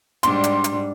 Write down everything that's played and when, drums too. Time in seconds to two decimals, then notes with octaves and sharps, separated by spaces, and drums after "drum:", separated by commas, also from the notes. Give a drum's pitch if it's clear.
0.23 G#2 G3 D4 C6, drum: hi-hat
0.44 drum: hi-hat
0.64 drum: hi-hat